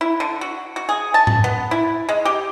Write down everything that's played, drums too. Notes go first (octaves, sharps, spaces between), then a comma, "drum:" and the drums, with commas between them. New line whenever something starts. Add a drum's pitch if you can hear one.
E4
D3
F#4
F#4
G#4
A5
drum: tom A2
B3
E4
G#3
G4